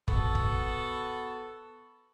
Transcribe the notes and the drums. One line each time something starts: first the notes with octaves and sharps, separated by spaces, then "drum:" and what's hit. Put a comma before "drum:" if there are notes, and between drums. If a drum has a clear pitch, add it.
B3 F#4 A4, drum: kick
drum: kick